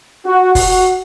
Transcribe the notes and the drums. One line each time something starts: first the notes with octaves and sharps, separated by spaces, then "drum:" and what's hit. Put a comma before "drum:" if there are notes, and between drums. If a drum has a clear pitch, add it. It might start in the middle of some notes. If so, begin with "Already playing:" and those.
F#4
F#4, drum: kick F1, open hi-hat